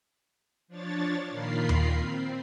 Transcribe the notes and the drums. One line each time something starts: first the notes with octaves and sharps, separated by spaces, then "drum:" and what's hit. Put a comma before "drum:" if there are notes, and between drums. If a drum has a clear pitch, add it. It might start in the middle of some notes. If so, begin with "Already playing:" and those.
F3 D4 C#5 A6
A#2 D#3 F4 A#4 B5 C7
drum: tom D#2
C4